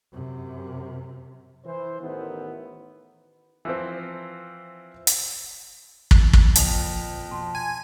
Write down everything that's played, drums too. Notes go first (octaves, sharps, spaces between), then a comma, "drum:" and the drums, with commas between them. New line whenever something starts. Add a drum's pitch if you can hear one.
F#2 C3
E3 C5
A1 D#3 B3 E4
E3 F3 C4
drum: hi-hat
drum: kick
E3
drum: kick
F2 A#2 E3 F3 F7, drum: hi-hat
B2 A5 C6
G#5